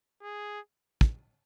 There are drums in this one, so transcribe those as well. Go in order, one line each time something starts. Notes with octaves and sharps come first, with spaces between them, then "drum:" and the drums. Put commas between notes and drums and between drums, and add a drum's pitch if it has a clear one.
G#4
drum: kick